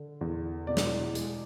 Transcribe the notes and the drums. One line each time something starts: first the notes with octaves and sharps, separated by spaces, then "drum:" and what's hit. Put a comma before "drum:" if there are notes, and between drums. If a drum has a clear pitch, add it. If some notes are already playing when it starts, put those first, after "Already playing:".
Already playing: D3
E2
B2 D5
drum: snare
G#3, drum: hi-hat